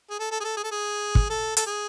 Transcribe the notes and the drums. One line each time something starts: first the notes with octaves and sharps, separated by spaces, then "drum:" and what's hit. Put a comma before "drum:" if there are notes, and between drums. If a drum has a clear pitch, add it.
G#4
A4
A4
G#4
A4
G#4
A4
G#4
drum: kick
A4
A4, drum: hi-hat
G#4